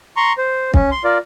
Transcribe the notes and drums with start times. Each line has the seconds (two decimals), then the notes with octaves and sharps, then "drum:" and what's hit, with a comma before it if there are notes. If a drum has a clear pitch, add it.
0.17 A#5 C6 C#6
0.38 C5
0.74 C#4, drum: kick
0.92 C6
1.04 F4 A#4 D5